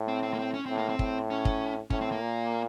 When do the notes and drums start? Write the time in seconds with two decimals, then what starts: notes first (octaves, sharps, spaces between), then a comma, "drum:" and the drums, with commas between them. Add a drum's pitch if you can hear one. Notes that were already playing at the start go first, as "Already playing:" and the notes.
Already playing: A2
0.08 C4
0.23 C4
0.34 A#3
0.39 C4
0.54 C#4
0.66 A2 C4
0.78 A#3
0.89 C4
0.99 A2, drum: kick
1.30 C#4
1.45 drum: kick
1.90 A2 C#4, drum: kick
2.01 C4
2.12 A#3
2.22 A#2